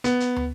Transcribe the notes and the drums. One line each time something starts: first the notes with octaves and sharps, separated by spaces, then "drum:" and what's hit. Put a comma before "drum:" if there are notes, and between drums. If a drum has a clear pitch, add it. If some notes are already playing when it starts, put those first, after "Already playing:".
B3, drum: hi-hat
drum: hi-hat
drum: tom